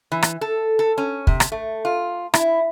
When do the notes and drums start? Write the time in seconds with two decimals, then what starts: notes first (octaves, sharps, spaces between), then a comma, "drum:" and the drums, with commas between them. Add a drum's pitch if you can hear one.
0.12 E3
0.22 drum: rim click
0.41 A4
0.79 A4
0.98 C#4
1.27 C3, drum: kick
1.40 drum: rim click
1.52 A3
1.85 F4
2.34 E4, drum: rim click